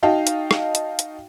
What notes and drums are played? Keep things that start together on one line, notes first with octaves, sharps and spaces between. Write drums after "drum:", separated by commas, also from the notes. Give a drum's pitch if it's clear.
D#4 F#4 D#5 F5 G5 A5
drum: hi-hat
drum: rim click
drum: hi-hat
drum: hi-hat